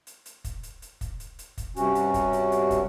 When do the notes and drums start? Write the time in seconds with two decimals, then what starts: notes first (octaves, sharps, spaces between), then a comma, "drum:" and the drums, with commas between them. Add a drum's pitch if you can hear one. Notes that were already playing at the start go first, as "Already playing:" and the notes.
0.07 drum: hi-hat
0.26 drum: hi-hat
0.44 drum: kick, hi-hat
0.63 drum: hi-hat
0.82 drum: hi-hat
1.01 drum: kick, hi-hat
1.20 drum: hi-hat
1.39 drum: hi-hat
1.58 drum: kick, hi-hat
1.76 G2 C3 C#4 F#4, drum: hi-hat
1.95 drum: hi-hat
2.14 drum: kick, hi-hat
2.33 drum: hi-hat
2.52 drum: hi-hat
2.71 drum: kick, hi-hat